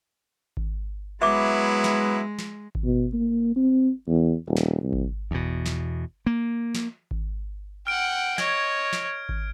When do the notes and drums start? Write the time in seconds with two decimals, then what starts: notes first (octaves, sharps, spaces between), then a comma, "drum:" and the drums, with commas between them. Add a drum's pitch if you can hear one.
0.57 drum: kick G#1
1.22 F#3 G#3 B3 E4 E5 D6
1.84 drum: snare
2.39 drum: snare
2.75 drum: kick G#1
2.84 B2
3.13 A#3
3.56 C4
4.07 E2
4.47 D#1
4.57 drum: snare
4.83 C2
4.93 drum: kick G#1
5.31 E2 B2
5.66 drum: snare
6.26 A#3
6.75 drum: snare
7.11 drum: kick G#1
7.87 F#5 G5 F6 D7
8.38 C#5 D#5 G#6, drum: snare
8.93 drum: snare
9.29 drum: kick G#1